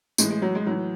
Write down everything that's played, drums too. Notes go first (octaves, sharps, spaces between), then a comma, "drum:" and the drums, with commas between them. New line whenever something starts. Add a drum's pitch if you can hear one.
A2 E3 G#3, drum: tambourine
G#3
F#3
G#3
A2 E3 F#3